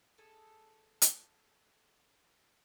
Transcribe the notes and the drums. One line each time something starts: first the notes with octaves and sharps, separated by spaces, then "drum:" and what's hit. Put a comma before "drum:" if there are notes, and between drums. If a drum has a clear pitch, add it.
G#4 A4
drum: hi-hat